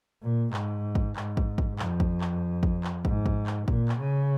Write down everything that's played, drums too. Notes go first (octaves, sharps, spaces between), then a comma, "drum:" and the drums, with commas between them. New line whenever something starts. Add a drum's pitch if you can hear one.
A#2
G#2, drum: clap
drum: kick
G#2, drum: clap
drum: kick
drum: kick
F2, drum: clap
drum: kick
drum: clap
drum: kick
drum: clap
G#2, drum: kick
drum: kick
drum: clap
A#2, drum: kick
drum: clap
C#3